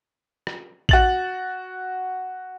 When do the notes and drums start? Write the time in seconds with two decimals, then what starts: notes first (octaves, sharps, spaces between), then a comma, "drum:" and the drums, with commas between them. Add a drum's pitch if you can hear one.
0.47 drum: rim click
0.89 F#4 A6 F#7, drum: kick A1